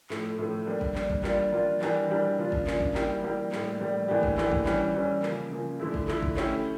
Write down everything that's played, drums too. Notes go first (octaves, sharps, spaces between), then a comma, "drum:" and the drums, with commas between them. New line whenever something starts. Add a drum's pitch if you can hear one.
A2 F3 A3, drum: clap
A2 F3 A3
G3 A#3 D4
drum: kick
G3 A#3 D4, drum: clap
drum: kick
G3 A#3 D4 F4, drum: clap
G3 A#3 D4 F4
E3 G3 D4 G4 A#4, drum: clap
E3 G3 D4 G4 A#4
C#3 F3 A#3 D4 F4
drum: kick
C#3 F3 A#3 D4 F4, drum: clap
drum: kick
G3 A#3 E4 G4 A#4, drum: clap
G3 A#3 E4 G4 A#4
A2 G3 A#3, drum: clap
A2 G3 A#3
A2 E3 A#3 D4 G4
drum: kick
A2 E3 A#3 D4 G4, drum: clap
drum: kick
E3 G3 C#4, drum: clap
E3 G3 C#4
C#3 F3 A#3, drum: clap
C#3 F3 A#3
D3 F3 A3 E4
drum: kick
D3 F3 A3 E4, drum: clap
drum: kick
A3 C#4 E4 G4, drum: clap